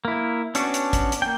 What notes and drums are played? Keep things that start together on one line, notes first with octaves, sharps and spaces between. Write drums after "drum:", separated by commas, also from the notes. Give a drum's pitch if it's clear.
A#3 E4
B3 C#4 D4 F#4, drum: hi-hat
drum: hi-hat
drum: kick, hi-hat
drum: hi-hat
A#3 G5